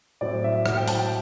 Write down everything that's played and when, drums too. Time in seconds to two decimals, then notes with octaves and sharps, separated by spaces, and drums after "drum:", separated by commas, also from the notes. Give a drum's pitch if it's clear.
0.21 A2 F#3 C4 D5
0.44 E5
0.66 A2 F#3 C4 F#5, drum: rim click
0.77 G5
0.88 A5, drum: open hi-hat
0.99 G5